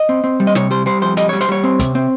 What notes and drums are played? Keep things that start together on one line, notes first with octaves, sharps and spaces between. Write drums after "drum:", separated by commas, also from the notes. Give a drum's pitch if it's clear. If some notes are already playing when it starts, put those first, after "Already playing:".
Already playing: D#5
C4
C4
G3
D#5
C3 C#5, drum: snare
G3 C5
G3 C5
F2 C5
G3 D#5, drum: hi-hat
G3 C#5
C5, drum: hi-hat
G3 C#5
C4
C3, drum: kick, hi-hat
C4